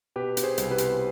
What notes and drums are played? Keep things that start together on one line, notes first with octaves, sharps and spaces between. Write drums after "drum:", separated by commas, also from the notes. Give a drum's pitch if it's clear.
B2 G4 B4
B2, drum: hi-hat
G#4 C5
C2, drum: hi-hat
G4 B4
B2, drum: hi-hat